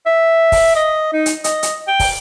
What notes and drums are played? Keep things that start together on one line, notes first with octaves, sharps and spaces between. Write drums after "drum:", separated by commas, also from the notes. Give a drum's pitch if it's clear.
E5
drum: kick, open hi-hat
D#5
D#4
drum: hi-hat
D#5, drum: hi-hat
drum: hi-hat
G5
drum: kick, open hi-hat